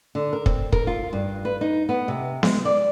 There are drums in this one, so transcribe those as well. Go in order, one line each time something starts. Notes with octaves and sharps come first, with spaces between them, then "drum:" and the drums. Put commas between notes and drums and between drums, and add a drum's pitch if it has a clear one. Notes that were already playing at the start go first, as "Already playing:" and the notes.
D3
A#4
C4, drum: kick
A#4, drum: kick
F4
G2
B4
D#4
B3
C3
G#3, drum: snare B3
D5